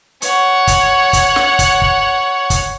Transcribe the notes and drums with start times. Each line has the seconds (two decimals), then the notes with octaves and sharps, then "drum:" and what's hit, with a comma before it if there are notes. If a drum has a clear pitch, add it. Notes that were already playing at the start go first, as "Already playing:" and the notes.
0.22 C#5 F#5, drum: hi-hat
0.67 drum: kick, hi-hat
1.13 drum: kick, hi-hat
1.36 drum: snare
1.59 drum: kick, hi-hat
1.82 drum: kick
2.50 drum: kick, hi-hat